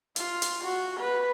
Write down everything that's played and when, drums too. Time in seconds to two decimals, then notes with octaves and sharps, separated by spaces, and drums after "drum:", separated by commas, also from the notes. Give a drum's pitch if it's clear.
0.16 F4, drum: hi-hat
0.42 drum: hi-hat
0.63 F#4
1.00 B4